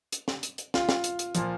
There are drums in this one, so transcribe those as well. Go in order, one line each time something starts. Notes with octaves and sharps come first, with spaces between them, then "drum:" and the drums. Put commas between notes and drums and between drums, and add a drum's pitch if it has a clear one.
drum: hi-hat
drum: snare
drum: hi-hat
drum: hi-hat
F4, drum: snare
drum: snare
drum: hi-hat
drum: hi-hat
A#2 F3, drum: hi-hat